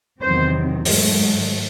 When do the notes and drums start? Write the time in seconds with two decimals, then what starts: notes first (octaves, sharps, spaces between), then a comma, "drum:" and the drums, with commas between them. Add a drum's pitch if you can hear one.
0.21 E2 C3 D#3 F#3 C4 C5
0.85 G#2 D#3 F#3 A3, drum: open hi-hat